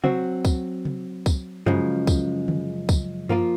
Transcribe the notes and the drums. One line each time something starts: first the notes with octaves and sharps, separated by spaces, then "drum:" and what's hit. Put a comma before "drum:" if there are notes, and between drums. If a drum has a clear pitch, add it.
F#3 C4 F#4, drum: tom C3
drum: kick, tambourine
drum: tom C3
drum: kick, tambourine
F#2 C#3 F3 G#3, drum: tom F#2
drum: kick, tambourine
drum: tom D3
drum: kick, tambourine
F3 A#3 F4, drum: tom F#2